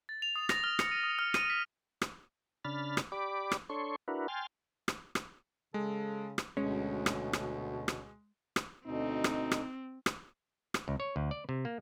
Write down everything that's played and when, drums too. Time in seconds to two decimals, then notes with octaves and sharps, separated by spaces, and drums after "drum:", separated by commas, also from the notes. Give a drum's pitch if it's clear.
0.09 A6
0.22 F7
0.36 D#6
0.49 A#6, drum: rim click
0.64 F6
0.79 C#7, drum: rim click
0.92 D#7
1.03 D#6
1.19 F6
1.34 D#7, drum: rim click
1.50 B6
2.02 drum: rim click
2.65 C#3 D4 B5 F6 A6
2.97 drum: rim click
3.12 G4 D5 B5 D6
3.52 drum: rim click
3.70 D4 A4 C#5 C6 C#6
4.08 D4 E4 F#4 A#4 B4
4.28 G5 G#5 C6 F6 A6
4.88 drum: rim click
5.15 drum: rim click
5.74 C#3 G#3 A4
6.38 drum: rim click
6.57 D2 B2 G#3 C#4
7.06 drum: rim click
7.33 drum: rim click
7.88 drum: rim click
8.56 drum: rim click
8.86 D2 B2 C4 D#4
9.24 drum: rim click
9.51 drum: rim click
10.06 drum: rim click
10.74 drum: rim click
10.88 C#2
11.00 C#5
11.16 D2
11.31 D5
11.49 C3
11.65 A#3